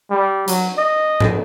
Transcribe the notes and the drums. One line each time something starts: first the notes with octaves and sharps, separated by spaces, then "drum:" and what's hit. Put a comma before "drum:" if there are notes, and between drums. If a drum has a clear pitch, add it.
G3
F#3, drum: hi-hat
D#5
drum: tom G#2